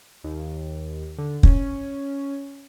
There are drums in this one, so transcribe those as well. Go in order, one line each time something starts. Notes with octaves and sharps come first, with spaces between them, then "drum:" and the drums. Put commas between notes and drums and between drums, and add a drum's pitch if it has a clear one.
D#2
D3
C#4, drum: kick